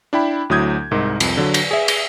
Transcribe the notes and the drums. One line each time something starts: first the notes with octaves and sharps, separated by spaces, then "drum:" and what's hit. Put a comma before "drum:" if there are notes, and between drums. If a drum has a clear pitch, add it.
D4 E4 G5 B5
D2 F#3 E4 D#6 G6 G#6
C2 G#2 D#4 A#4
C2 F2, drum: cymbal
D3 F#3
drum: cymbal
G#4 E5
drum: cymbal